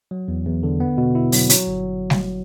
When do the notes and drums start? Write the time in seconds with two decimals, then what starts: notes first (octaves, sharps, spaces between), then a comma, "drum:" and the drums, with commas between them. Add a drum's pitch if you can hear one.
0.11 F#3
0.28 E2
0.46 E2
0.63 D3
0.80 B3
0.98 B2
1.15 E4
1.32 F#3, drum: open hi-hat
1.49 F#3, drum: hi-hat
1.67 G1
2.10 drum: snare G3